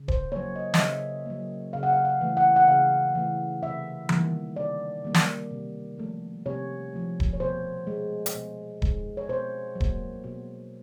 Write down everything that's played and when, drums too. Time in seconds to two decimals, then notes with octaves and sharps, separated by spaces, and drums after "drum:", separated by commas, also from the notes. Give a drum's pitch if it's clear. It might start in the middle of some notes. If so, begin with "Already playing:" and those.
Already playing: C#3
0.08 C5, drum: kick D#1
0.32 F#3 A#3 C#5
0.56 D#5
0.74 D#5, drum: snare
0.79 C#3 E5
1.26 F#3 A#3
1.73 C#3 F5
1.83 F#5
1.93 F5
2.05 F5
2.21 E3 A3
2.37 F#5
2.56 F#5
2.67 C#3 F5
3.15 E3 A3
3.62 C3 E5
4.09 D#3 G3 A#3, drum: tom E3
4.56 C3 D5
5.04 D#3 G3 A#3
5.14 drum: snare
5.51 C3
5.98 F3 A3
6.46 C3 C#5
6.93 F3 A3
7.20 drum: kick D#1
7.33 C#5
7.40 B2 C5
7.87 G#3
8.26 drum: hi-hat
8.35 B2
8.82 G#3, drum: kick D#1
9.17 C#5
9.28 B2 C5
9.75 F#3
9.80 A#3, drum: kick D#1
10.24 B2